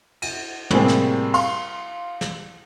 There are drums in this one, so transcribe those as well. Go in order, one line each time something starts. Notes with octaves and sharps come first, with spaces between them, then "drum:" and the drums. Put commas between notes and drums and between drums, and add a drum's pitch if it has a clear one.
D#7, drum: cymbal
A2 C3 G3 A#3 C4 G#4, drum: tom
drum: snare
F5 C6, drum: cymbal
drum: snare